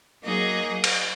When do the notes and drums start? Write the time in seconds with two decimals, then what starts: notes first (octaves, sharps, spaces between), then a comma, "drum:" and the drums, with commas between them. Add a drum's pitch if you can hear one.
0.23 F#3 A#3 D#4 G#4 D#5
0.84 drum: cymbal